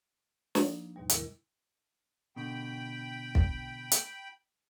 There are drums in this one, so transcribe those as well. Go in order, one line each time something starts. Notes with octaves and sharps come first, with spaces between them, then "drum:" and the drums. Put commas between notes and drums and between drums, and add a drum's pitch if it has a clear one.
F3 A#3 D4 D#4, drum: snare
D#2 G#2 B2 G3
D#3 E4 A#4, drum: hi-hat
B2 D3 G5 B5
drum: kick
drum: hi-hat